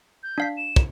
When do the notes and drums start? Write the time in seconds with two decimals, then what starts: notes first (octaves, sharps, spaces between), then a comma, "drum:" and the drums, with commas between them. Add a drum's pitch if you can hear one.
0.23 G6
0.38 D4 F5 B6
0.57 E7
0.76 drum: kick